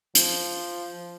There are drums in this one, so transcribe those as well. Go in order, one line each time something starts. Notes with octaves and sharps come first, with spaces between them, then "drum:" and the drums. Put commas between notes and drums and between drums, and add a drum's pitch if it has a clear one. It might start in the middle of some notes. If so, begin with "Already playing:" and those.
F3, drum: hi-hat